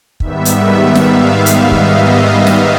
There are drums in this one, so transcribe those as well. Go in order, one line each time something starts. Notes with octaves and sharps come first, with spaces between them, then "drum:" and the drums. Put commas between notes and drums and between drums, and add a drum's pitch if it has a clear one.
G#2 D#3 G3 B3 E5, drum: kick
drum: hi-hat
F5, drum: snare
drum: hi-hat
D#5, drum: kick
drum: snare